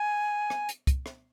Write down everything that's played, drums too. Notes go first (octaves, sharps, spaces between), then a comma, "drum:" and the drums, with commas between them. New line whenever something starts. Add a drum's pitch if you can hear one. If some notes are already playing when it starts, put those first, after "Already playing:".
Already playing: G#5
drum: rim click
drum: hi-hat
drum: kick, hi-hat
drum: rim click